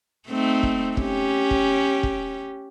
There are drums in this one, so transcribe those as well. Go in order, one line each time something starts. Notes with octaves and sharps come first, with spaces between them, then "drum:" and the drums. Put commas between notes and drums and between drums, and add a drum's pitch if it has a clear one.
A3 C4 D#4
drum: kick
C#4 G4, drum: kick
drum: kick
drum: kick